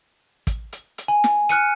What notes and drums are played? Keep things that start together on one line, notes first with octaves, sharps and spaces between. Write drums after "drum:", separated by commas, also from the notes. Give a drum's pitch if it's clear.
drum: kick, hi-hat
drum: hi-hat
drum: hi-hat
G#5
drum: snare
F6 F#6 C#7 D#7, drum: hi-hat